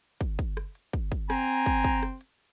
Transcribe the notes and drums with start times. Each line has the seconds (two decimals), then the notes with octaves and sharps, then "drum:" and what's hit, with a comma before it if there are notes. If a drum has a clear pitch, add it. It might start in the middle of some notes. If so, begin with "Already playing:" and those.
0.21 drum: kick, hi-hat
0.39 drum: kick, hi-hat
0.57 drum: rim click
0.75 drum: hi-hat
0.93 drum: kick, hi-hat
1.12 drum: kick, hi-hat
1.30 C4 G#5 A#5, drum: rim click
1.48 drum: hi-hat
1.66 drum: kick, hi-hat
1.84 drum: kick, hi-hat
2.03 drum: rim click
2.21 drum: hi-hat